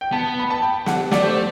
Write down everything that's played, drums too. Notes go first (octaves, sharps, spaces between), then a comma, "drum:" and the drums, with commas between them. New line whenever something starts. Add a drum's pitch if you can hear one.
G5
B3 A5
B5
A5
G5
F#5, drum: snare
A3 D5, drum: snare
C5
D5